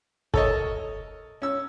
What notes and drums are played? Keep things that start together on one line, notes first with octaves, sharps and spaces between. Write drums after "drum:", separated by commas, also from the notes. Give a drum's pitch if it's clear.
A4 A#4 C#5 D#5, drum: kick
C#4 E6